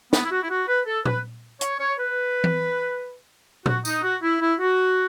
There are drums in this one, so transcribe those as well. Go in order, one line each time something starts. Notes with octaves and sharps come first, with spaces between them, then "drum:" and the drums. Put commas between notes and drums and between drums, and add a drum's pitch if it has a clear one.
B3, drum: snare
E4
F#4
E4
F#4
B4
A4
B4, drum: tom A#2
C#5, drum: hi-hat
C#5
B4
drum: tom E3
F#4, drum: tom A#2
D#4, drum: tambourine
F#4
E4
E4
F#4